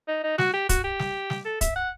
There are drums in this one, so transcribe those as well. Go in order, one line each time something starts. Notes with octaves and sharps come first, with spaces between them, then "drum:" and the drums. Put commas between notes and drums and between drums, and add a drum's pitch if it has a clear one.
D#4
D#4
F#4, drum: snare
G4
F#4, drum: kick, hi-hat
G4
drum: snare
drum: snare
A4
E5, drum: kick, hi-hat
F#5